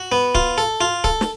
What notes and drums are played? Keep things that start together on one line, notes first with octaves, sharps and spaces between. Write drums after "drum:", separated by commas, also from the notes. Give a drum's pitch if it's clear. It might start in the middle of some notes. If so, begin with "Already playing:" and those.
Already playing: F#4
B3
F4, drum: kick C#1
A4
F4
A4, drum: kick C#1
drum: snare